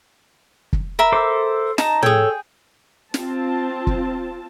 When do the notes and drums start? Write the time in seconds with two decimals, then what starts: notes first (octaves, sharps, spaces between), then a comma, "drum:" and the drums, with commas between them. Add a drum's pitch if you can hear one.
0.73 drum: kick
0.99 A#4 E5 B5
1.12 A4 C5 D6
1.78 D#4 A5 A#5, drum: snare
2.03 G#4 A4 C#5 G5, drum: tom
3.14 C4 F4 A5, drum: snare
3.87 drum: kick